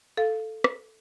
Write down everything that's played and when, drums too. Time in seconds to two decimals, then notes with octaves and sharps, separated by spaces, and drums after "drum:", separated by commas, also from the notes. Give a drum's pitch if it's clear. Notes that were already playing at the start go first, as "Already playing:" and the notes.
0.17 A4 F5
0.64 drum: rim click